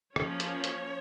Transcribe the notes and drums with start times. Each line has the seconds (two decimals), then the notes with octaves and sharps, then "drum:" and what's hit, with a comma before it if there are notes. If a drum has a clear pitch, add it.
0.16 F3 A#3 C#4 C#5, drum: rim click
0.40 drum: hi-hat
0.64 drum: hi-hat